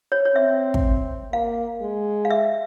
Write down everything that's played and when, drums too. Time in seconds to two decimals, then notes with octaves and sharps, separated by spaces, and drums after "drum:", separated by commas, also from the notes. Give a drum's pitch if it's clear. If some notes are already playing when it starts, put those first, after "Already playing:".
0.12 C#5
0.25 C#5
0.35 C4 E5
0.74 drum: kick
1.32 A#3 F5
1.81 G#3
2.25 F5
2.30 E5